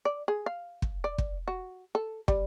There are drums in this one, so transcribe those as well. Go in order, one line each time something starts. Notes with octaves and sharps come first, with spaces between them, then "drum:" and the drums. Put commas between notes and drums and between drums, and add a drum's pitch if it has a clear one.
D5
G#4
F5
drum: kick
D5
drum: kick
F#4
A4
G3, drum: kick